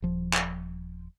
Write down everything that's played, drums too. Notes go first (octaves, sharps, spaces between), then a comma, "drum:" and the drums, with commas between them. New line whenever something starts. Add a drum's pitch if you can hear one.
D#1 F3
drum: clap